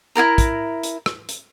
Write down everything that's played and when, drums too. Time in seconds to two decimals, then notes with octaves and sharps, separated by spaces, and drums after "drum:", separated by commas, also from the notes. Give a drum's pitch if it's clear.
0.16 E4 F4 A#4 A#5
0.38 drum: kick, hi-hat
0.83 drum: hi-hat
1.06 drum: rim click
1.29 drum: hi-hat